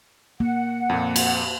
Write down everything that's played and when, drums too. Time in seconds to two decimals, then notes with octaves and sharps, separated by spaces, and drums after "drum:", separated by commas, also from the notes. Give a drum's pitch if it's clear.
0.40 A#3 F#5
0.89 F2 A#2
1.16 drum: cymbal